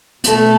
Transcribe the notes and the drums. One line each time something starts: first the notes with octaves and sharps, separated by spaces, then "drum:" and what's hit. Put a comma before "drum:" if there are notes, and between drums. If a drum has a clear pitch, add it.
B2 A3, drum: hi-hat